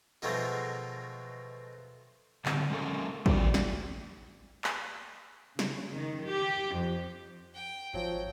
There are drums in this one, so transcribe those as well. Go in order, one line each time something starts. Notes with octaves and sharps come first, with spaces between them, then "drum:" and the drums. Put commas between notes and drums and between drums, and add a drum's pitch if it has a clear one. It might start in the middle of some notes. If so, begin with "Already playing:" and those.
B2 D#3 F3 F#3 G#3 A3
A2 D3 G3 C4, drum: clap
G#3 C#4 A4 A#4
G3 F#4 D5, drum: kick
drum: snare
drum: clap
C#3, drum: snare
D#3
G4
F2
G5
G#1 F3 F#3 G5